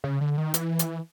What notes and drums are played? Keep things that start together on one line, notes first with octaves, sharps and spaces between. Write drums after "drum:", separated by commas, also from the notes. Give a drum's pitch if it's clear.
C#3
D3
D#3
E3, drum: hi-hat
drum: hi-hat